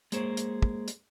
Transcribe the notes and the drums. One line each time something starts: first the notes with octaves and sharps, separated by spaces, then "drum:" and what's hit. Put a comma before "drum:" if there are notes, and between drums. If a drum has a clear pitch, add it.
G#3 A#3 G#4 C5 C#5, drum: hi-hat
drum: hi-hat
drum: kick
drum: hi-hat